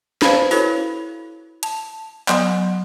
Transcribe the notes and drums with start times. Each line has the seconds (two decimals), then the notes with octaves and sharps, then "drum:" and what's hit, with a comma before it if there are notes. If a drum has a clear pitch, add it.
0.22 B4 C5 F5 A5 B5, drum: snare
0.51 E4 F#4 A4 C#5, drum: open hi-hat
1.63 A5, drum: hi-hat
2.28 F#3 B3 F#5 C6, drum: clap